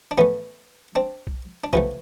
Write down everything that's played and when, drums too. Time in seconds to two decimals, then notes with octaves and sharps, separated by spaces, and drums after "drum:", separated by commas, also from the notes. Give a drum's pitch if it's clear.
0.11 D4
0.18 A2 E3 A3 B3 C#4
0.95 C4 D4
1.27 drum: kick B1
1.64 D4
1.73 C#2 C3 E3 A3 B3 C#4, drum: kick B1